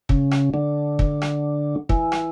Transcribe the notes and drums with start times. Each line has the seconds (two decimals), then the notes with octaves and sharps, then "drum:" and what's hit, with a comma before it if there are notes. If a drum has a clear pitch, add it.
0.09 C#3, drum: kick
0.31 drum: rim click
0.54 D3
0.99 drum: kick
1.22 drum: rim click
1.89 E3, drum: kick
2.12 drum: rim click